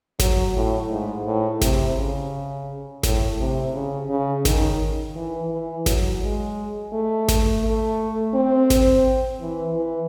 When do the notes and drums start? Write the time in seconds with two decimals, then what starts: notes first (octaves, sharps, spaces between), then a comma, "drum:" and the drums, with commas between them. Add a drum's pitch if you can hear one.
0.20 F#3, drum: snare G#1
0.55 A2
0.91 G#2
1.26 A2
1.62 C3, drum: snare G#1
1.97 C#3
3.03 A2, drum: snare G#1
3.39 C3
3.74 C#3
4.09 C#3
4.45 D#3, drum: snare G#1
5.16 E3
5.51 E3
5.86 F#3, drum: snare G#1
6.23 G#3
6.92 A3
7.29 drum: snare G#1
7.64 A3
8.34 C4
8.70 drum: snare G#1
9.41 E3
9.76 E3